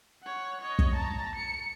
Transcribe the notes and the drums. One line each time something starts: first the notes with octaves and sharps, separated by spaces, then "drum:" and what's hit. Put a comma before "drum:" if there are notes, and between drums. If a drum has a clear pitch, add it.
C#5 F#5
C#5 D#5
drum: kick
A5 A#5
C#7